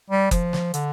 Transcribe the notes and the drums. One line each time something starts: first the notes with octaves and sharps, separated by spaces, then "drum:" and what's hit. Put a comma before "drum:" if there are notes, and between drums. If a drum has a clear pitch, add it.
G3
F3, drum: kick F#1, hi-hat
drum: snare
D3, drum: hi-hat